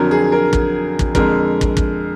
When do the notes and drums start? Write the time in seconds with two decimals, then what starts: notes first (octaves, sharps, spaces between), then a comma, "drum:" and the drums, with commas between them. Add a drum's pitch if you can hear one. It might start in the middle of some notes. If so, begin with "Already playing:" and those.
Already playing: F2 D3 F#3 A#4
0.11 G#4
0.32 A#4
0.53 drum: kick
0.99 drum: kick
1.15 F2 D3 G#3 A#4, drum: kick
1.61 drum: kick
1.77 drum: kick